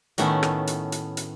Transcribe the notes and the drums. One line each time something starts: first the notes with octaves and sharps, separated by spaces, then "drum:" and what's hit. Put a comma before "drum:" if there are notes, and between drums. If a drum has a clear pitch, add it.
A2 D#3 A3 B3 C#4, drum: hi-hat
drum: rim click
drum: hi-hat
drum: hi-hat
drum: hi-hat